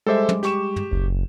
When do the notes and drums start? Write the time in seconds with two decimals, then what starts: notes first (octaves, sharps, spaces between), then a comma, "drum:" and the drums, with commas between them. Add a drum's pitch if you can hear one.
0.07 G3 G#3 A4 C5 E5 D6
0.29 drum: tom
0.43 G4 C#6 E7, drum: snare
0.76 drum: tom
0.91 F#1, drum: kick D2